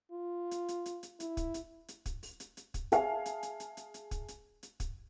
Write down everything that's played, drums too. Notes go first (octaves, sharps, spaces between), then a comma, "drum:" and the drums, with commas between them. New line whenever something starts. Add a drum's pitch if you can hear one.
F4
drum: hi-hat
drum: hi-hat
drum: hi-hat
drum: hi-hat
E4, drum: hi-hat
drum: kick, hi-hat
drum: hi-hat
drum: hi-hat
drum: kick, hi-hat
drum: open hi-hat
drum: hi-hat
drum: hi-hat
drum: kick, hi-hat
G#4 E5 F5 G#5 A5, drum: hi-hat
drum: hi-hat
drum: hi-hat
drum: hi-hat
drum: hi-hat
drum: hi-hat
drum: kick, hi-hat
drum: hi-hat
drum: hi-hat
drum: kick, hi-hat